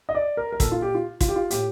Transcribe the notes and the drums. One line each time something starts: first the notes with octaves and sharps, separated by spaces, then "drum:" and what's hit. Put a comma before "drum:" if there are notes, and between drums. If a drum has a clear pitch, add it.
D#5
D5
A#4
A#4
A#2 A4, drum: kick, hi-hat
F4
G4
F4
F4, drum: kick, hi-hat
G4
F4
A2 G4, drum: hi-hat